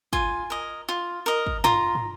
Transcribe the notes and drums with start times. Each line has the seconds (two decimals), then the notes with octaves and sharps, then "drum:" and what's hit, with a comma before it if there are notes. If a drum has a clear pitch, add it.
0.13 F4 G#5, drum: kick
0.50 A#4 D#5
0.89 F4
1.26 A#4 D#5
1.46 drum: kick
1.64 F4 A#5, drum: tom
1.95 drum: tom